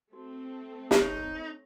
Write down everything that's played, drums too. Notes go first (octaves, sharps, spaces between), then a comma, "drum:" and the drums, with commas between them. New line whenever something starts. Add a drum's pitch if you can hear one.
A3 C4 F#4 A4
drum: snare
D#4 C#5 C#6